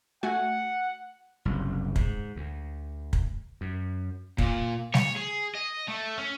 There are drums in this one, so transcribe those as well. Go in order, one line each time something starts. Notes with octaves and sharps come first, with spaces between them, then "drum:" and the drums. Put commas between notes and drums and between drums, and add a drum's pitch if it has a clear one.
A3 F#4 F#5 G#5
F#1 C2
G#2, drum: kick
D2
drum: kick
F#2
A#2, drum: kick
C#5, drum: snare G3
G#4
D#5
A3
C#4